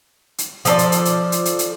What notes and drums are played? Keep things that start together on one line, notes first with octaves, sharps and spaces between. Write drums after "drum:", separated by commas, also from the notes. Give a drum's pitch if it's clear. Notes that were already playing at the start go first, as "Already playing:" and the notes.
drum: hi-hat
F3 A4 D5, drum: hi-hat
drum: hi-hat
drum: hi-hat
drum: hi-hat
drum: hi-hat
drum: hi-hat
drum: hi-hat